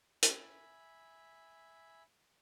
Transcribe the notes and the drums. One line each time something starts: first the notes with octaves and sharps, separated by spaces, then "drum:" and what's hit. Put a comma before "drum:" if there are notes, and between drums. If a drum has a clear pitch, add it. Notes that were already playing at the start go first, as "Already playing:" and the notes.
E5 G#5 B5, drum: hi-hat